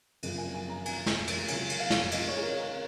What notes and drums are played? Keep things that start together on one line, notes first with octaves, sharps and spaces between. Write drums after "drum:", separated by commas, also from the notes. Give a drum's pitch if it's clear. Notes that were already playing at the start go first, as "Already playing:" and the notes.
F#1 F#2 C#3 F3, drum: cymbal
G#5
G#5
A#5
G#5, drum: cymbal
drum: snare
drum: cymbal
C#2 C#3 F#3 G#5, drum: cymbal
drum: cymbal
F5
drum: snare
D#5, drum: cymbal
C#5
G#4
A#4
A#4